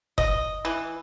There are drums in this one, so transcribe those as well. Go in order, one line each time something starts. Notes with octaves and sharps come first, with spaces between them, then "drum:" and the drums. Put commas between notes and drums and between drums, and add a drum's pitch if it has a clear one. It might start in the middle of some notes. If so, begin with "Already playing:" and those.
D#5, drum: kick F#1
E3